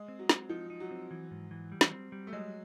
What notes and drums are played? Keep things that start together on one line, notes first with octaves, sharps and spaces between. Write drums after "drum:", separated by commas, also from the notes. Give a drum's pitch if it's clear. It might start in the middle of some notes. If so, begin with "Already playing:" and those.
Already playing: G#3
C4
F#3
C4, drum: snare
F3 D#4
D#4
F#3
C4
E3
G#2
E3
G3
drum: snare
C4
G3
A3
F#3 G#3